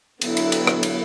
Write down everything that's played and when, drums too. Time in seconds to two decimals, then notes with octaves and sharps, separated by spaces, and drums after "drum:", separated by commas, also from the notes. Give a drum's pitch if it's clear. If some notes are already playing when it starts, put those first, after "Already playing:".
0.21 D3 F#3 B3 E4, drum: cymbal
0.37 drum: cymbal
0.52 drum: cymbal
0.67 drum: rim click
0.83 drum: cymbal